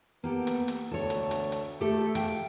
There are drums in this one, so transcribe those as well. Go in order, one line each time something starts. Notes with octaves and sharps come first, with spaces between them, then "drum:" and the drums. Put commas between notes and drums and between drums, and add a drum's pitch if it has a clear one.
A#3 B3 G4 A4
drum: hi-hat
drum: hi-hat
D2 A4 C#5
drum: hi-hat
drum: hi-hat
drum: hi-hat
A3 G4 A4
F5 G5, drum: hi-hat